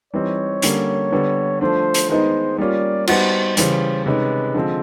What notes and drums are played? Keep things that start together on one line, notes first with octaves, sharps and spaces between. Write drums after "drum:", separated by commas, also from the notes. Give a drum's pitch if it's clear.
E3 G3 C4 D#4 C#5
D3 G3 A#3 C#4, drum: hi-hat
D3 G3 B3
F3 A3 D4 C5
drum: hi-hat
D#3 G#3 B3 D#4 C5
G3 A#3 C#4 F4 D5
G3 B3 D#4 F#4 C5, drum: cymbal
C#3 E3 G3 C5, drum: hi-hat
C3 D#3 G#3 C#4 B4
D3 F3 G#3 C4